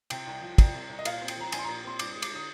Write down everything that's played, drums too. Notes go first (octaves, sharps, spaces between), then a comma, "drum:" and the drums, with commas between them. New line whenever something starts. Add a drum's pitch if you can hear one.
C3 G5, drum: cymbal
C2
F3
C2, drum: kick, cymbal
C3
C2
D#5
A#2 F5, drum: cymbal
C4
G5, drum: cymbal
F3 A#5
A#1 G#5, drum: cymbal
C6
A#5
A#2
C4 C6
G2 D6, drum: cymbal
D#6
G#3
D6, drum: cymbal
D3 D#6